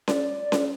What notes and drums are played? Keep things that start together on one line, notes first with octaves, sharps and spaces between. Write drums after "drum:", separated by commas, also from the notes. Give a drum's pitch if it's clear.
D5, drum: snare C#4
drum: snare C#4